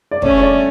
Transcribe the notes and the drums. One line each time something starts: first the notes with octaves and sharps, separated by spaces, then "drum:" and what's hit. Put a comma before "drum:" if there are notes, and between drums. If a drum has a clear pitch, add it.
D5
A3 C#4 C#5, drum: kick
C#5
D5